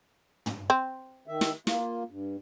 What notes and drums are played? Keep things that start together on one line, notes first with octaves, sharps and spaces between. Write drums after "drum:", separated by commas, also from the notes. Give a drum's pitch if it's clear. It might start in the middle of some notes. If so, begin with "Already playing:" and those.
drum: tom
C4
D#3 E5
drum: snare
A#3 F4, drum: snare
G2